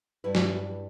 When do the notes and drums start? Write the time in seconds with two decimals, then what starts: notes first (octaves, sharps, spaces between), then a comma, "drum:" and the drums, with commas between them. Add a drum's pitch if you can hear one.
0.24 G2 G3 E4 B4
0.35 drum: snare